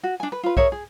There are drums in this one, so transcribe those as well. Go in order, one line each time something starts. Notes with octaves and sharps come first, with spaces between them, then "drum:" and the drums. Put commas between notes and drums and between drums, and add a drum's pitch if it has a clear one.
F#4
D4 G#5
B4
F4 B4
G#4 A#4 C#5 E5, drum: kick B1
G#4